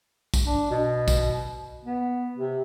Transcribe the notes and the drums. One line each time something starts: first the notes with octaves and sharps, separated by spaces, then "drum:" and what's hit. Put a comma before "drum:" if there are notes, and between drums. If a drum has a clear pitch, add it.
drum: kick, tambourine
D4
B2
drum: kick, tambourine
B3
C3